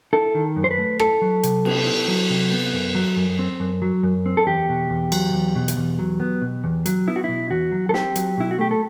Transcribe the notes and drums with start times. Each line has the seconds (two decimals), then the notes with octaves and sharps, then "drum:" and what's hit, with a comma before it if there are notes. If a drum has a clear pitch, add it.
0.13 E4 A4
0.35 D#3
0.56 F#2
0.64 C5
0.71 B4
0.78 A3
0.99 E4 A4, drum: rim click
1.22 F#3
1.43 C3, drum: hi-hat
1.65 B3, drum: cymbal
1.86 E4
2.08 F#3
2.30 C3
2.52 B3
2.73 F#2
2.95 F#3
3.17 F#2
3.39 C4
3.60 F#2
3.82 F#3
4.03 F#2
4.26 C4
4.37 A4
4.47 E2 G4
4.69 B2
4.90 E2
5.12 F#3, drum: cymbal
5.33 E2
5.56 B2
5.68 drum: hi-hat
5.77 E2
5.99 F#3
6.20 B3
6.42 B2
6.64 E2
6.86 F#3, drum: hi-hat
7.07 B3 E4
7.16 F#4
7.24 B2 E4
7.51 E2 F#4
7.72 F#3
7.89 A4
7.94 C4 G4, drum: snare
8.16 F#3, drum: hi-hat
8.38 B2 E4
8.51 F#4
8.59 A3 G4
8.71 A4